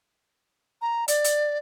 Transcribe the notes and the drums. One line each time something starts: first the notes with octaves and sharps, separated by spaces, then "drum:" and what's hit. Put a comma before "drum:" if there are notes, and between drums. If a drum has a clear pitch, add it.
A#5
D5, drum: hi-hat
drum: hi-hat